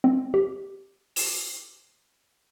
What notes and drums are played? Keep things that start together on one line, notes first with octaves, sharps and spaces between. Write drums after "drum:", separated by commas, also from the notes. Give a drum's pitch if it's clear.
C4
G4
E7, drum: open hi-hat